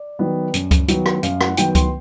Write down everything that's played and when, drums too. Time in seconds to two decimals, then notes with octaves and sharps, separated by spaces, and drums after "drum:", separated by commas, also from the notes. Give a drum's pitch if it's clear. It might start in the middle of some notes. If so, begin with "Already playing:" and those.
Already playing: D5
0.19 D#3 F#3 B3
0.54 F#2, drum: hi-hat
0.71 drum: kick C#2, hi-hat
0.88 D#3 F#3 B3, drum: hi-hat
1.06 drum: rim click
1.23 F#2 F5, drum: hi-hat
1.41 F#5, drum: rim click
1.57 D#3 F#3 B3 G5, drum: hi-hat
1.75 C6, drum: kick C#2, hi-hat